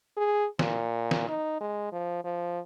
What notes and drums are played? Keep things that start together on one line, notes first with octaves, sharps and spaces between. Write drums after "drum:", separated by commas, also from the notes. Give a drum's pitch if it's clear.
G#4
A#2, drum: snare
drum: snare
D#4
G#3
F3
F3